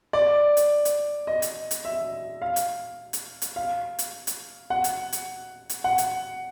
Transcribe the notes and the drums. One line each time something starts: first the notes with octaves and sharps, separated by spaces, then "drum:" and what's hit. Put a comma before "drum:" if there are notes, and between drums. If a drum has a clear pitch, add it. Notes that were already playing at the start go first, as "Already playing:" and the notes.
D5
drum: hi-hat
drum: hi-hat
D#5
drum: hi-hat
drum: hi-hat
E5
F5
drum: hi-hat
drum: hi-hat
drum: hi-hat
F5
drum: hi-hat
drum: hi-hat
F#5
drum: hi-hat
drum: hi-hat
drum: hi-hat
F#5
drum: hi-hat